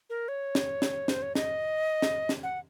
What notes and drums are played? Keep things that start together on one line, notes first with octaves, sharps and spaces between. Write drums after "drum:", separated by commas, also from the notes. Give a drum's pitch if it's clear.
A#4
C#5
drum: snare
drum: snare
C5, drum: snare
C#5
D#5, drum: snare
drum: snare
drum: snare
F#5